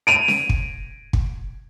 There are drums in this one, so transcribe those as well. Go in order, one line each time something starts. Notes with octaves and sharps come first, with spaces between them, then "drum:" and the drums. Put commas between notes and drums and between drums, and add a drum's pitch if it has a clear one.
D7 D#7 F7
drum: snare C#4
drum: kick
drum: kick